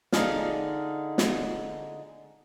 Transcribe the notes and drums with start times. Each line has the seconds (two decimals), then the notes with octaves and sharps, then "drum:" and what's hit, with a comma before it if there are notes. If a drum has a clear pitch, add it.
0.13 D3 D#4 G#4 F5, drum: snare
1.18 drum: snare